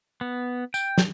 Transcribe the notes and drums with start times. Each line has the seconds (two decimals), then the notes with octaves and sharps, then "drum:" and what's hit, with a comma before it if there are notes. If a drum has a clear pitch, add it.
0.21 B3
0.74 G5, drum: tambourine
0.98 drum: snare